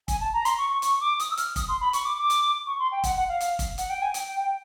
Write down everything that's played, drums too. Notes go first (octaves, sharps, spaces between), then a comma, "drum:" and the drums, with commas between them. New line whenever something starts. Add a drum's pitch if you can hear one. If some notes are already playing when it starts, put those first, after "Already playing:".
G#5, drum: kick, hi-hat
A5
A#5
C6, drum: hi-hat
C#6
C#6
C#6, drum: hi-hat
D6
D#6, drum: hi-hat
E6
F6, drum: hi-hat
D#6, drum: kick, hi-hat
C6
B5
C#6, drum: hi-hat
D6
D6
drum: hi-hat
C#6
C6
G5
F#5, drum: kick, hi-hat
F#5
F5
drum: hi-hat
drum: kick, hi-hat
F#5, drum: hi-hat
G5
G#5
G5, drum: hi-hat
G5